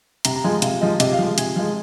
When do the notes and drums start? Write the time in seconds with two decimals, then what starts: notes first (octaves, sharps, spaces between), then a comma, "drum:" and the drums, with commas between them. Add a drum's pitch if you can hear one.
0.25 C3 A#5, drum: hi-hat
0.36 A#5
0.44 F3 G#3 G#5
0.62 C3 F5, drum: hi-hat
0.81 F3 G#3 D#5
1.00 C3 D#5, drum: hi-hat
1.13 F5
1.19 F3 G#3
1.38 C3 G#5, drum: hi-hat
1.56 F3 G#3